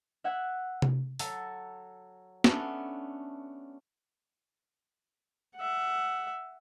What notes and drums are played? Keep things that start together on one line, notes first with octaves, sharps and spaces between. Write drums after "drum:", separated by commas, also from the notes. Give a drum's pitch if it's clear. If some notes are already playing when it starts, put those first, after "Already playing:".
E5 F#5 F#6 G#6
drum: tom C3
F#3 A4 A5, drum: open hi-hat
A3 B3 C#4 D4, drum: snare
E5 F#5